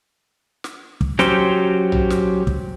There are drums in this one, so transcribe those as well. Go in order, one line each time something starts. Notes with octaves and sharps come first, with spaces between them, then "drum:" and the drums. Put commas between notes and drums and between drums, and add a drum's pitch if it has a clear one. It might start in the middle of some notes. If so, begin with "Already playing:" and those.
drum: snare
drum: kick
F#3 C#4 G4 C5, drum: snare
drum: tom A#1
drum: snare
drum: kick